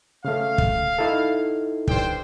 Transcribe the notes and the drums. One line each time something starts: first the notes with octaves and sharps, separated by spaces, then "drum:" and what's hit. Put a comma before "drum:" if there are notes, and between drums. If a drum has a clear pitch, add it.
C#3 A3 F5
drum: kick
D#4 E4 A4
G2 C5 G5, drum: kick